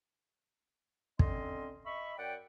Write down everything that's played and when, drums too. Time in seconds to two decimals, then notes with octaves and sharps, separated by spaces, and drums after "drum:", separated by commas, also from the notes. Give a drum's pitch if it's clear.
1.19 D3 C4 C#4 D#5 C6, drum: kick
1.86 D#5 E5 B5 C#6
2.18 F#2 D5 F#5 G5